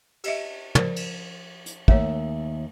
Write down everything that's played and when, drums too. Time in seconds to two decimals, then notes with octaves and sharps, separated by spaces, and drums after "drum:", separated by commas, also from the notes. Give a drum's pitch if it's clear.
0.24 G4 D#5 E5, drum: cymbal
0.75 F3 A#4 C5, drum: tom
0.96 drum: cymbal
1.66 drum: hi-hat
1.88 D#2 A3 C#5 E5, drum: kick